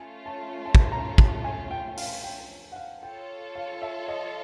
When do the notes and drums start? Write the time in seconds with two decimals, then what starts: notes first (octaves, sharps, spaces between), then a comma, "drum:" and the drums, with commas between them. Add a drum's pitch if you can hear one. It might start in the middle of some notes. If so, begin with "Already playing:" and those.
Already playing: A3 C#4 F4 G#5
0.26 A5
0.66 A5
0.75 drum: kick
0.92 A#5
1.18 A5, drum: kick
1.44 G#5
1.71 G5
1.97 F5, drum: open hi-hat
2.24 G5
2.72 F#5
2.76 F5
3.03 F4 A4 C#5 G5
3.56 F5
3.82 E5
4.08 D#5